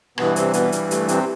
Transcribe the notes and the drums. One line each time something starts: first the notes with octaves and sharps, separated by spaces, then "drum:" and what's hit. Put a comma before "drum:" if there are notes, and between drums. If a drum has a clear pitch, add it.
G2 B2 E3 B3, drum: rim click
C3 C4, drum: hi-hat
B2 B3, drum: hi-hat
G3, drum: hi-hat
A3, drum: hi-hat
C3 C4, drum: hi-hat